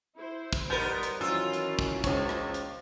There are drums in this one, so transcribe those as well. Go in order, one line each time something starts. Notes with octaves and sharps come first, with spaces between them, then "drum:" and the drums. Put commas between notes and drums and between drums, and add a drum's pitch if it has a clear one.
E4 C5
drum: kick, hi-hat
G3 B3 D#4 A#4 C5 G6
drum: hi-hat
D#3 E3 F#3 C#4 F4 E6
drum: hi-hat
drum: kick
C#2 C5 C#5, drum: kick, hi-hat
drum: rim click
drum: hi-hat